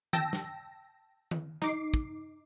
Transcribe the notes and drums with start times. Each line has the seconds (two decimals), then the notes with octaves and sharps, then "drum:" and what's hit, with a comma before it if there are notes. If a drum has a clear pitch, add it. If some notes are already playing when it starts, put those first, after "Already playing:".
0.13 G5 A5 E6 A#6, drum: tom D#3
0.33 drum: snare
1.31 drum: tom D#3
1.62 D#4 D6 C7, drum: snare
1.94 drum: kick